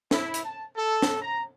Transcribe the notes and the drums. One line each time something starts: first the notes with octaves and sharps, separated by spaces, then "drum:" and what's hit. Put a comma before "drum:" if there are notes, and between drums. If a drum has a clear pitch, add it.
E4, drum: snare
drum: hi-hat
A5
A4
drum: snare
A#5